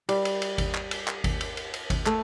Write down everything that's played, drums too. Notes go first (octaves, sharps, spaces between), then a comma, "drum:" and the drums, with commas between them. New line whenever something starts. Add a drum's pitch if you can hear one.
G3, drum: cymbal
drum: cymbal
drum: cymbal
drum: kick G#1, cymbal
drum: clap
drum: cymbal
drum: clap
drum: kick G#1, cymbal
drum: cymbal
drum: cymbal
drum: cymbal
drum: kick G#1, cymbal
A3, drum: clap